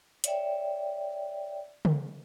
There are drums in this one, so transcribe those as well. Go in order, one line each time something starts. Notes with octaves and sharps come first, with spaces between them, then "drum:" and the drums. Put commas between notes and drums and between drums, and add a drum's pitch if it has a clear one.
C#5 D5 E5 G5, drum: hi-hat
drum: tom C#3